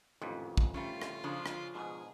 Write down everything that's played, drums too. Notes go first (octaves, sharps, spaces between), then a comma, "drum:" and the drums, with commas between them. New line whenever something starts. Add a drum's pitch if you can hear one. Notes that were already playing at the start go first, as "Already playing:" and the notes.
A1 F2 G#2 D#3
drum: kick
G3 A3 C#4 F4
drum: rim click
C#3 F3 D4
drum: rim click
G#2 B2 G#4